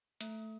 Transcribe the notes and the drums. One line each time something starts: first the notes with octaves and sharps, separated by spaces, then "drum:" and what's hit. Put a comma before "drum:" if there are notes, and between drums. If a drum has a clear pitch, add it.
A3, drum: hi-hat